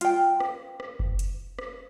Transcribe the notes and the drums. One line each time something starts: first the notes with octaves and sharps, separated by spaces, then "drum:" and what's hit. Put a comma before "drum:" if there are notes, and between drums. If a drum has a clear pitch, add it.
F4 G5, drum: hi-hat
drum: rim click
drum: rim click
drum: kick F#1
drum: hi-hat
drum: rim click